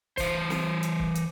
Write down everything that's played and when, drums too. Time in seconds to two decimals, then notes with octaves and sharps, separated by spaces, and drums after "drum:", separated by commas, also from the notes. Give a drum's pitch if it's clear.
0.17 E3 C5, drum: kick, open hi-hat
0.50 drum: snare
0.83 drum: hi-hat
0.99 drum: kick
1.15 drum: hi-hat